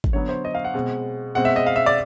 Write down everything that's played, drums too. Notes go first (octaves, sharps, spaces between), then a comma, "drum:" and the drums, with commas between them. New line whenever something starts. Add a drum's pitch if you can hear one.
drum: kick G#1
D3 F#3 B3 C#5
C5
D#5
F5
F#5
B2 G#3 C4
B2 G#3 C4 F#5
E5
D#5
F5
E5
D5